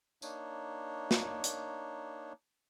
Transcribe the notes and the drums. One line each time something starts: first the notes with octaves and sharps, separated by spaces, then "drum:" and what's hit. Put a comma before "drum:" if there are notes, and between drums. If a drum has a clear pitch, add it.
A#3 D4 D#4 C#5, drum: tambourine
drum: snare
drum: hi-hat